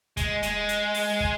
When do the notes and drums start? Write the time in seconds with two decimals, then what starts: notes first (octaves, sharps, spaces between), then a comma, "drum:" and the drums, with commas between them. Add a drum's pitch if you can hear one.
0.17 G#3, drum: kick, hi-hat
0.43 G#3, drum: hi-hat
0.69 drum: hi-hat
0.95 drum: open hi-hat
1.20 drum: kick